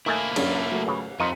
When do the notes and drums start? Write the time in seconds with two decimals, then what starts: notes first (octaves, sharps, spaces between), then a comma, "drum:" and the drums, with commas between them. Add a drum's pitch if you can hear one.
0.06 D#3 A3 A#3 E4 G#5
0.36 F#2 C#4 D4, drum: cymbal
0.71 F#3 A3
0.87 G#1 C#3 B4
1.20 F2 D#3 D#4 F4 B6 C#7 D#7